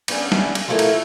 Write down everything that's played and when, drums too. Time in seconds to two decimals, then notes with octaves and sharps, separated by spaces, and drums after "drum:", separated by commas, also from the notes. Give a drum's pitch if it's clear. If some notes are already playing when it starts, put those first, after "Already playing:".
0.08 G3 B3 C#4 D4 G#4, drum: cymbal
0.32 drum: snare
0.55 drum: cymbal
0.68 F3 F#3 A3 E4 A4 A#4
0.79 drum: cymbal